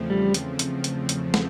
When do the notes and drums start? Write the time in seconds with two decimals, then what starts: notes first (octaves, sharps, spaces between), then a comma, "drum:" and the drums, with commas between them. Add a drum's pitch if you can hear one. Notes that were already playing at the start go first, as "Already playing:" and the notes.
Already playing: E2 C#3 F3 A3 C4
0.10 G3
0.34 drum: hi-hat
0.59 drum: hi-hat
0.84 drum: hi-hat
1.09 drum: hi-hat
1.34 drum: snare